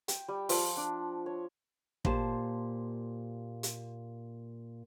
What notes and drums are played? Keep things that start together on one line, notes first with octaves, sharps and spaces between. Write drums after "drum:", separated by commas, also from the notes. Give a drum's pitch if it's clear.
G5, drum: hi-hat
G3
F3, drum: open hi-hat
D4
C#5
A#2 G4 C5 A5, drum: kick
drum: hi-hat